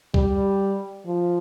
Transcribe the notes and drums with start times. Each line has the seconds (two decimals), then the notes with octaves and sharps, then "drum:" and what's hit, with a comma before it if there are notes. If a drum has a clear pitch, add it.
0.14 G3, drum: kick C2
1.06 F3